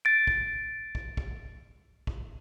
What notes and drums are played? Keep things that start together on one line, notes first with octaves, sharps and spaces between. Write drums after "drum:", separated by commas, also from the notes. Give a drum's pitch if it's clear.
A6 D7
drum: kick
drum: kick
drum: kick
drum: kick